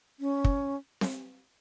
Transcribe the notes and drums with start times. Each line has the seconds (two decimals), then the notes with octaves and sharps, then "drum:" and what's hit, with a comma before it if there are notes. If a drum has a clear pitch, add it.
0.20 C#4
0.44 drum: kick
1.01 drum: snare C4